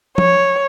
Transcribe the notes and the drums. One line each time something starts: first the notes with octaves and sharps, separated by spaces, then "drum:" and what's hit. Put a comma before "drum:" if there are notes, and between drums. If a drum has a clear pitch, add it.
C#5, drum: tom F3